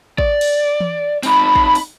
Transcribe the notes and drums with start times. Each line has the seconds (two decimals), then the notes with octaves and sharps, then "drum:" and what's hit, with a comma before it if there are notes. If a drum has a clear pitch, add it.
0.18 D5, drum: kick
0.41 drum: cymbal
0.80 drum: tom E3
1.23 C4 D#4 B5, drum: open hi-hat
1.55 drum: kick
1.75 drum: open hi-hat